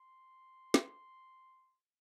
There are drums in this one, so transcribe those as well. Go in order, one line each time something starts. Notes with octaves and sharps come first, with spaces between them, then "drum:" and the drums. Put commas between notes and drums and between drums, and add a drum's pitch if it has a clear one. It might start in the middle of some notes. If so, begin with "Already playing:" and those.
Already playing: C6
drum: snare